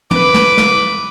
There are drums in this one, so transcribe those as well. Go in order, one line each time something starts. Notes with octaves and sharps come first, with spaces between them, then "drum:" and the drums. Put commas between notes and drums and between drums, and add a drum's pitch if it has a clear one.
B4 D6, drum: tom
drum: snare
drum: snare